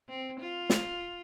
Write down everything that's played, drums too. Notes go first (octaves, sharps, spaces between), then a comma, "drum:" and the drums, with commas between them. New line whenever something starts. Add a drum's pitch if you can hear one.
C4
F4
drum: snare